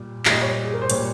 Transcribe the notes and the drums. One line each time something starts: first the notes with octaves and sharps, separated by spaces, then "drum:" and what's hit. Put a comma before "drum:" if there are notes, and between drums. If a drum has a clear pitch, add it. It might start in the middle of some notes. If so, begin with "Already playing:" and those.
Already playing: A#2 G3
A#2 G3 D#5, drum: clap
C#5
G#4
A#4
C5
A#2 G3 C#5, drum: hi-hat